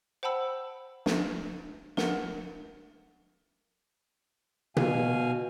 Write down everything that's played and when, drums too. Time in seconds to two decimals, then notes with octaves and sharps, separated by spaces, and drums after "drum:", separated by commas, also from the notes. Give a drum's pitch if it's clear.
0.23 C5 F#5 G5 A5 B5 E6
1.06 drum: snare
1.97 A#4 F#5 C#7, drum: snare
4.77 B2 F5 G#5, drum: tom B2